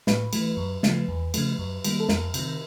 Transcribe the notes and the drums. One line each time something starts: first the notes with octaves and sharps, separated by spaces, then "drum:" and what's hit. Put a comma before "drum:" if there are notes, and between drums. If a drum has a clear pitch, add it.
A2 B4, drum: snare
E3 A3, drum: cymbal
F#2
C#3 F3 A3, drum: snare
E2
C#3 F3 A3, drum: cymbal
F#2
D#3 G3 A#3, drum: cymbal
A4
F2 A#4, drum: snare
C3, drum: cymbal
D#3